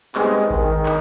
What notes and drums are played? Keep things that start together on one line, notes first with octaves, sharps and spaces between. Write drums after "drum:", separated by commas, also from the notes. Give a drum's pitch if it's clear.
G3 G#3 B3 C4 D#4 G4, drum: clap
D#3, drum: kick A1
drum: clap